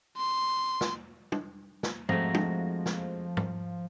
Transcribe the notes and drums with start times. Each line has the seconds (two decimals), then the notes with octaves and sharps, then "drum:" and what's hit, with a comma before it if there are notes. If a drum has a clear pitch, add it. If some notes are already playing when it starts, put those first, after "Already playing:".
0.17 C6
0.81 drum: snare
1.32 drum: tom
1.83 drum: snare
2.09 F2 F3 G#3 A3 F#4 A#5, drum: tom
2.34 drum: tom
2.86 drum: snare
3.37 drum: tom